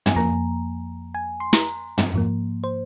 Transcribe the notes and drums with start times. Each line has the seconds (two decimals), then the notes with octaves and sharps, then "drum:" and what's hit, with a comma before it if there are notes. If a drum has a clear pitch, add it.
0.06 G#5, drum: tom
0.16 F2 F3 A#3 A#5
1.15 G#5
1.40 C6
1.53 A#5, drum: snare
1.98 drum: tom
2.14 G#2 F3 A#3
2.64 C5